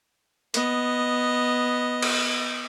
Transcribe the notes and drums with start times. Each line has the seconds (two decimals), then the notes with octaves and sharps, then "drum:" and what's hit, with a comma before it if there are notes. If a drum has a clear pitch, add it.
0.54 B3 D#5, drum: hi-hat
2.02 drum: cymbal